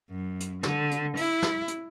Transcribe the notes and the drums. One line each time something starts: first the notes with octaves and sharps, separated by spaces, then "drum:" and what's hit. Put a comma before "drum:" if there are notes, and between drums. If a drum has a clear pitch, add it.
F#2
drum: hi-hat
D3, drum: snare
drum: hi-hat
E4, drum: open hi-hat
drum: snare
drum: hi-hat